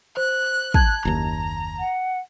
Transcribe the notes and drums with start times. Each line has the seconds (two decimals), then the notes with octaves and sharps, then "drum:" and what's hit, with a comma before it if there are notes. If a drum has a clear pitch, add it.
0.17 C5 F#6
0.74 A5 F#6 G#6, drum: kick
1.05 F#1 D#2 A#5
1.79 F#5